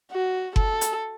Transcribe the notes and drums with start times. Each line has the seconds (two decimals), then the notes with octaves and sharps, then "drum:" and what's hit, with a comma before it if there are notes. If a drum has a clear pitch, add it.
0.11 F#4
0.56 A4, drum: kick F#1
0.81 drum: hi-hat